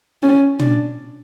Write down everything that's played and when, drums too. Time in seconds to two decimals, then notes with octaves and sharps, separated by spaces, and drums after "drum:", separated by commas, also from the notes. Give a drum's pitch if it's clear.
0.23 C#4
0.59 D4, drum: tom